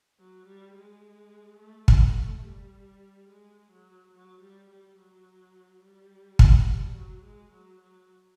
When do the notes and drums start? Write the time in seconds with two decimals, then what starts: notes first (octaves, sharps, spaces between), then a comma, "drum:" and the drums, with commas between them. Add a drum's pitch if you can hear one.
0.19 F#3
0.47 G3
0.75 G#3
1.60 A3
1.88 drum: kick
2.44 G3
3.29 G#3
3.71 F#3
4.13 F#3
4.42 G3
4.70 G3
4.98 F#3
5.83 G3
6.39 drum: kick
6.67 G3
6.96 F#3
7.24 G#3
7.52 F#3
7.80 F#3